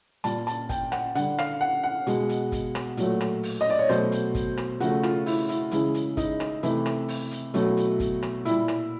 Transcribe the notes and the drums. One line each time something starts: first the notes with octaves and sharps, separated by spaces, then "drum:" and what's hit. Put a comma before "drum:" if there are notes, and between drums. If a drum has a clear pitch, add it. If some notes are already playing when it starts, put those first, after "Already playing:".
A#2 G3 A5, drum: hi-hat
A5, drum: hi-hat
G5, drum: kick G1, hi-hat
F#5, drum: rim click
D3 G3 F#5, drum: hi-hat
F5, drum: rim click
F#5
F#5
B2 G#3, drum: hi-hat
drum: hi-hat
drum: kick G1, hi-hat
drum: rim click
A#2 F#3 A3, drum: hi-hat
drum: rim click
drum: open hi-hat
D#5
D5
C#5
B2 F#3 A3 C5, drum: hi-hat
drum: hi-hat
drum: kick G1, hi-hat
drum: rim click
C#3 F3 A3 F#4, drum: hi-hat
F4, drum: rim click
E4, drum: open hi-hat
E4, drum: hi-hat
C#3 E3 G#3 E4, drum: hi-hat
drum: hi-hat
D#4, drum: kick G1, hi-hat
drum: rim click
C3 E3 A3 E4, drum: hi-hat
drum: rim click
drum: open hi-hat
drum: hi-hat
B2 F#3 A3, drum: hi-hat
drum: hi-hat
drum: kick G1, hi-hat
drum: rim click
A#2 G3 E4, drum: hi-hat
drum: rim click